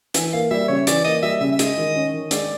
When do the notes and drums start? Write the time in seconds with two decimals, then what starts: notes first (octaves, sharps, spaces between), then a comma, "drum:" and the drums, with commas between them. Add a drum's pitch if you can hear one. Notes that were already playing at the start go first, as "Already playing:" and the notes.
0.14 E3 E5, drum: hi-hat
0.33 A#3 F5
0.51 G3 E5
0.68 C#3 C#5
0.87 E3 D5, drum: hi-hat
1.05 A#3 D#5
1.22 G3 E5
1.41 C#3 E5
1.52 E5
1.59 G#3 D#5, drum: hi-hat
1.77 D#3
1.95 C#4
2.14 D#3
2.31 G#3 D5, drum: hi-hat